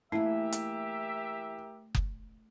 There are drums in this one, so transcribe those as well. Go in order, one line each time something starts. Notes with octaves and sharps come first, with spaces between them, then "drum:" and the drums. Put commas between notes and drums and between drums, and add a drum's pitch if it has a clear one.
E3 A3 A#3 E4 G4 A#4 E5
drum: hi-hat
drum: kick F#1